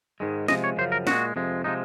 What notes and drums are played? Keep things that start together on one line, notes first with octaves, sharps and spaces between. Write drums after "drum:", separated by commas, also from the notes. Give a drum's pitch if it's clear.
G#2 D#3 G#3
C3 F3 G#3 D#5, drum: snare
C#5
F#2 C#3 F3 C5
A#4
A#2 G#3 F#4, drum: snare
F2 C3 F3 G#3
C3 F3 G#3 D#4